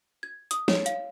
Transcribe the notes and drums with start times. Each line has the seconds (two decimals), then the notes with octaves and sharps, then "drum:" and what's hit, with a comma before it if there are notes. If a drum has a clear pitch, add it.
0.23 G#6
0.51 D#6, drum: hi-hat
0.68 C#5, drum: snare
0.86 F5, drum: hi-hat